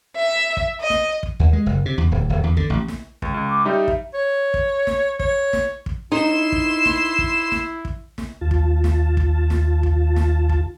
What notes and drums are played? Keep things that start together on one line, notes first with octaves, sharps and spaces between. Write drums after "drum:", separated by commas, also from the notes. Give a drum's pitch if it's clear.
E5
drum: kick
D#5
drum: snare
drum: kick
D#2
G#3
F#1
C3
E2
D1
D1
E2
D3, drum: kick
A1
drum: snare
C#2, drum: kick
C#2
D6
G3 D#4 E5
drum: kick
C#5
drum: kick
drum: snare
C#5, drum: kick
drum: snare
drum: kick
D#4 E4 C6 E7
drum: kick
drum: snare
drum: kick
drum: snare
drum: kick
drum: snare
D#2 F4 A5
drum: kick
drum: snare
drum: kick
drum: snare
drum: kick
drum: snare
drum: kick